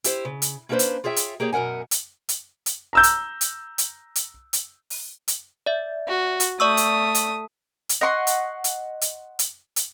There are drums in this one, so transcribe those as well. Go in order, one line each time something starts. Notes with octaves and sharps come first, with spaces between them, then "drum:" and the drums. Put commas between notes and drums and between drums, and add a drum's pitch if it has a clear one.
E4 G4 C5, drum: hi-hat
C#3
drum: hi-hat
A#3 C#4 D4 G4 B4 C5
drum: hi-hat
F4 G#4 C#5 E5 G5
drum: hi-hat
A#3 G4 G#4 C#5
F#2 B2 A#4 F#5 G#5
drum: hi-hat
drum: hi-hat
drum: hi-hat
A#5 E6 G6
drum: hi-hat
drum: hi-hat
drum: hi-hat
drum: hi-hat
drum: hi-hat
drum: open hi-hat
drum: hi-hat
D5 E5
F#4
drum: hi-hat
A3 D5 C#6 D#6 E6
drum: hi-hat
drum: hi-hat
drum: hi-hat
D#5 F#5 C6 C#6
drum: hi-hat
drum: hi-hat
drum: hi-hat
drum: hi-hat
drum: hi-hat